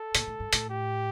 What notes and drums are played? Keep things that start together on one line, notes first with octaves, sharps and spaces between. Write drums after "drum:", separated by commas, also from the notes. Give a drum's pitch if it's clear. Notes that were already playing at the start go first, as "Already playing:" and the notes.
Already playing: A4
A#2, drum: hi-hat
A2
G2
A2, drum: hi-hat
G4